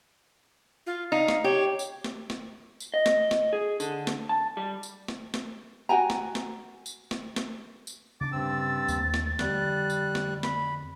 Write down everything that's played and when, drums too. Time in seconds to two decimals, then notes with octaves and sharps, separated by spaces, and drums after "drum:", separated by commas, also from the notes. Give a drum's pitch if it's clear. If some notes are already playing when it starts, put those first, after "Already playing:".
0.87 F4
1.12 D#4 F5
1.28 drum: snare
1.44 G4 C#5
1.79 drum: tambourine
2.04 drum: snare
2.30 drum: snare
2.80 drum: tambourine
2.94 D#5
3.06 drum: snare
3.31 drum: snare
3.53 G#4
3.80 D3, drum: tambourine
4.07 drum: snare
4.29 A5
4.57 G3
4.83 drum: tambourine
5.08 drum: snare
5.34 drum: snare
5.89 F#4 G5 G#5 A#5
6.10 drum: snare
6.35 drum: snare
6.86 drum: tambourine
7.11 drum: snare
7.36 drum: snare
7.87 drum: tambourine
8.21 C#3 D4 D6 A6
8.32 G2 C4 E6
8.88 D#2 A3 A#3, drum: tambourine
9.14 drum: snare
9.39 F2 D3 D#3 G3 F#6, drum: snare
9.90 drum: tambourine
10.15 drum: snare
10.43 B5, drum: snare